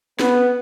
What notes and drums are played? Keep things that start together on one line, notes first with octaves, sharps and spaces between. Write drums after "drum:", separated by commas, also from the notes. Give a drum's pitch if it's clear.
B3, drum: snare